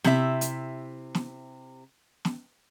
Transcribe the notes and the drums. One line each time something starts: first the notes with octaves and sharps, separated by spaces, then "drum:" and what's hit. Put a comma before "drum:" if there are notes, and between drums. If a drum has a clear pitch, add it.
C3 E4 E5, drum: snare
drum: hi-hat
drum: snare
drum: snare